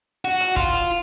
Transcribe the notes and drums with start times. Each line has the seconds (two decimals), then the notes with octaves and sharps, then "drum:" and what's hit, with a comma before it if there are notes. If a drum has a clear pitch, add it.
0.25 F#4
0.40 drum: hi-hat
0.56 F4, drum: kick, hi-hat
0.72 drum: hi-hat